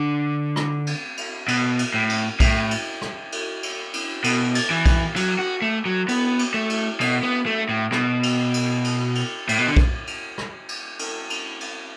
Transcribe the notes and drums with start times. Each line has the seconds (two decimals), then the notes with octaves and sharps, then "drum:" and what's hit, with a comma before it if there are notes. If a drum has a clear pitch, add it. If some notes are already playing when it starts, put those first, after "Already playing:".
Already playing: D3
0.56 drum: rim click
0.87 drum: cymbal
1.17 drum: cymbal
1.48 B2, drum: cymbal
1.79 drum: cymbal
1.94 A2
2.09 drum: cymbal
2.40 A2, drum: kick, cymbal
2.71 drum: cymbal
3.02 drum: rim click
3.32 drum: cymbal
3.63 drum: cymbal
3.94 drum: cymbal
4.24 B2, drum: cymbal
4.55 drum: cymbal
4.71 E3
4.86 drum: kick, cymbal
5.16 F#3, drum: cymbal
5.39 F#4
5.62 A3
5.86 F#3
6.08 B3, drum: cymbal
6.39 drum: cymbal
6.54 A3
6.70 drum: cymbal
7.01 B2, drum: cymbal
7.23 B3
7.46 A3
7.69 A2
7.92 B2, drum: rim click
8.23 drum: cymbal
8.54 drum: cymbal
8.84 drum: cymbal
9.15 drum: cymbal
9.49 A2, drum: cymbal
9.59 B2
9.67 D3
9.77 drum: kick
10.07 drum: cymbal
10.38 drum: rim click
10.69 drum: cymbal
10.99 drum: cymbal
11.30 drum: cymbal
11.61 drum: cymbal